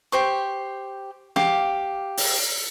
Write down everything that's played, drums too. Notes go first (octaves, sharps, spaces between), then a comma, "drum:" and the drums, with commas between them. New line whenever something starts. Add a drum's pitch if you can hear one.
G4 C5 C#6
G4 F5 D6, drum: snare
drum: open hi-hat